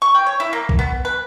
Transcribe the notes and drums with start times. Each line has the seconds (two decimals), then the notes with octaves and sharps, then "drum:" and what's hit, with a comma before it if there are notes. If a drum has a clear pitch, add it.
0.02 C#6
0.15 G5
0.26 C#5
0.40 E4
0.53 A#3
0.69 drum: kick B1
0.79 B3
1.05 B4